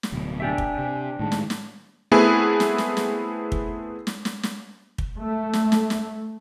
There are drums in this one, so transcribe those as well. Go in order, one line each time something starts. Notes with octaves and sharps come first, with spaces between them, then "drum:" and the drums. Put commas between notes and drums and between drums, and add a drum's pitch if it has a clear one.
drum: snare
D1 B2
D4 G4 E5 G#5
drum: kick
C3
A2 D#3 G#3 A5
drum: snare
drum: snare
A3 B3 C4 E4 G#4 B4
drum: snare
drum: snare
drum: snare
drum: kick
drum: snare
drum: snare
drum: snare
drum: kick
A3
drum: snare
drum: snare
drum: snare